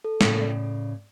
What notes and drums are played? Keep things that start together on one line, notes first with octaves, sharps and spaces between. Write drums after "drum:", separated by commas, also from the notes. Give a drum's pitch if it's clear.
A4
A2 C#3, drum: snare
D5